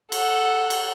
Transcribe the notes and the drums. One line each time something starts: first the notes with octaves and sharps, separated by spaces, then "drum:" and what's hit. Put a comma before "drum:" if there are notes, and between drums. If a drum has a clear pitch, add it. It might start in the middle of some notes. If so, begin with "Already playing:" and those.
A4 F#5, drum: cymbal
drum: cymbal